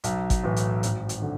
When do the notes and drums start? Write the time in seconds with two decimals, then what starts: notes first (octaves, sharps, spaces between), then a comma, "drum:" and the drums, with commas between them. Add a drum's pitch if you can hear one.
0.04 B1, drum: hi-hat
0.30 drum: kick, hi-hat
0.44 A2 E3
0.56 drum: hi-hat
0.83 G#1, drum: hi-hat
1.09 drum: hi-hat
1.22 D3